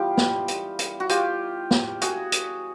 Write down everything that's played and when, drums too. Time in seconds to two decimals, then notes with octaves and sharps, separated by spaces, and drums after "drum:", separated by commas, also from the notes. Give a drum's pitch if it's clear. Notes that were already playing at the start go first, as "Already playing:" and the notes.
Already playing: E3 G3 B3 F4 G4
0.17 drum: snare
0.48 drum: hi-hat
0.79 drum: hi-hat
1.00 F#4
1.09 F4 G4, drum: hi-hat
1.71 drum: snare
2.01 F#4 G#4, drum: hi-hat
2.32 drum: hi-hat